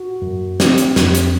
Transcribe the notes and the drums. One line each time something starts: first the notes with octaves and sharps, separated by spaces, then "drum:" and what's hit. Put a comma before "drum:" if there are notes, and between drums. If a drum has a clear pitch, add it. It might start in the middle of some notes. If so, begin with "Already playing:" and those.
Already playing: F#4
F#2
C4, drum: snare
drum: hi-hat
F2, drum: snare
drum: hi-hat